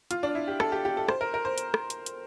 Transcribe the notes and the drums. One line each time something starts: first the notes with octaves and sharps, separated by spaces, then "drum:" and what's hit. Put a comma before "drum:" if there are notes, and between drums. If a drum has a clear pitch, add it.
F4, drum: hi-hat
D4
E4
G4
A4, drum: rim click
G4
G4
A4
C5, drum: rim click
A#4
A#4
C5
drum: hi-hat
drum: rim click
drum: hi-hat
drum: hi-hat